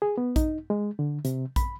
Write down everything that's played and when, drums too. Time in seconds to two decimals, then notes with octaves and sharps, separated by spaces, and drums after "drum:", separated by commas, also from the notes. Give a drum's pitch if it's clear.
0.02 G#4
0.18 B3
0.36 D#4, drum: kick A#1, hi-hat
0.70 G#3
0.99 D3
1.25 C3, drum: hi-hat
1.56 B5, drum: kick A#1, hi-hat